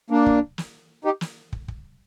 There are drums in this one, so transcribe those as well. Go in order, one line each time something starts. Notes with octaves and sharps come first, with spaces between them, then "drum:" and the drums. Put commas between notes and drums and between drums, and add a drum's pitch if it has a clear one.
A#3 D4
drum: kick
drum: snare
D#4 G4
drum: snare
drum: kick
drum: kick